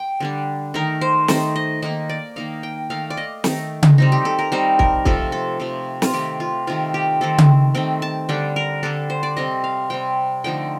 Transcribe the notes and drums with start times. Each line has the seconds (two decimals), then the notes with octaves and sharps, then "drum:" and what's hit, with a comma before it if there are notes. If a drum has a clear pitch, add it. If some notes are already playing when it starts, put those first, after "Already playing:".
Already playing: G5
0.20 D3 G3 D4
0.74 D#3 A3 D#4 A#4
1.01 C5
1.28 D#3 A3 D#4 C5, drum: snare
1.56 D#5
1.82 D#3 A#3 D#4 D#5
2.10 D5
2.36 D#3 A#3 D#4 F5
2.63 G5
2.90 D#3 A3 D#4 F5
3.10 D5
3.17 D#5
3.44 D#3 A3 D#4, drum: snare
3.83 drum: tom C#3
3.98 G3 C4 D#4
4.12 G4
4.25 A4
4.39 A#4
4.52 G3 C4 D#4 C5
4.79 A#4, drum: kick
5.05 C3 F3 A3 A4, drum: kick
5.32 A4
5.60 C3 F3 A3
6.02 F4, drum: snare
6.13 C3 D#3 A3 G4
6.40 F4
6.67 C3 D#3 A3 F4
6.94 G4
7.21 D#3 A3 C4 A4
7.38 drum: tom C#3
7.75 D#3 A3 C4 G5
8.02 A5
8.29 D3 G3 D4 G5
8.56 A#4
8.83 D3 G3 D4 A4
9.10 C5
9.23 D5
9.37 C3 G3 C4 D#5
9.64 F5
9.90 C3 G3 C4 G5
10.44 D3 F3 A3 D#4 G5